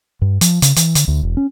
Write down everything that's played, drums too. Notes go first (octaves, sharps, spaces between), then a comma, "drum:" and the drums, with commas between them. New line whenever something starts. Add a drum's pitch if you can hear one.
G2
F3, drum: hi-hat
C#3, drum: hi-hat
E3, drum: hi-hat
D3, drum: hi-hat
D2
E1
C#4